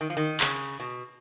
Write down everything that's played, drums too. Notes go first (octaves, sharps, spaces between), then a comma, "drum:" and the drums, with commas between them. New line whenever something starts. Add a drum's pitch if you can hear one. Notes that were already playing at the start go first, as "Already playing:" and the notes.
D#3
F3
D#3
C#3, drum: clap
B2